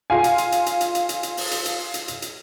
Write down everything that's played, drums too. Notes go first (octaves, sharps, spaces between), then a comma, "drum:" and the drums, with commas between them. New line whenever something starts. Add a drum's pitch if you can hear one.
F4 F5 G#5
drum: hi-hat
drum: hi-hat
drum: hi-hat
drum: hi-hat
drum: hi-hat
drum: hi-hat
drum: hi-hat
drum: hi-hat
drum: open hi-hat
drum: hi-hat
drum: hi-hat
drum: hi-hat
drum: hi-hat
drum: hi-hat